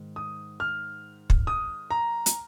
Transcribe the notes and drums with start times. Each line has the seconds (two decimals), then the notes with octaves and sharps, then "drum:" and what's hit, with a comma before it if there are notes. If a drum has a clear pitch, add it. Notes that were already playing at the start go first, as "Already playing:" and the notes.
Already playing: G#2 D#3
0.16 D#6
0.60 F6
1.30 drum: kick
1.47 D#6
1.91 A#5
2.26 drum: hi-hat